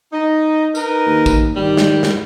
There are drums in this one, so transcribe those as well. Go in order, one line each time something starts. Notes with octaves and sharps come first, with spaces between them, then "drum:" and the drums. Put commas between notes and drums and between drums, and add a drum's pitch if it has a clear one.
D#4
D#4 A#4 B4, drum: tambourine
D#2
drum: kick, tambourine
D#3 G3
drum: snare
drum: snare